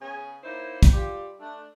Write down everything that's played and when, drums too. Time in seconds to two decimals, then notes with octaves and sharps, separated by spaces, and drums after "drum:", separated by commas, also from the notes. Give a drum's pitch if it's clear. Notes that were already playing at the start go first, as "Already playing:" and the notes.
0.01 C#3 B3 C#4 G#4
0.44 A#3 C#4 D#4 E4 C5
0.83 drum: kick, hi-hat
0.93 G3 F4 G4
1.40 A3 D4